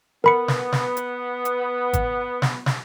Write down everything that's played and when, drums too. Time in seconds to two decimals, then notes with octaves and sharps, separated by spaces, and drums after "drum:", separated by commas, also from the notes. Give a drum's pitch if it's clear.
0.24 B3 A#4 B5 C#7
0.48 drum: snare
0.72 drum: snare
0.97 drum: hi-hat
1.45 drum: hi-hat
1.93 drum: kick G#1, hi-hat
2.42 drum: snare
2.66 drum: snare